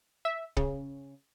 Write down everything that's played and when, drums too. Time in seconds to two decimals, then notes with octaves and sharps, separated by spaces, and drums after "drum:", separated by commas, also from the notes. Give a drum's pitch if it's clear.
0.25 E5
0.57 C#3, drum: kick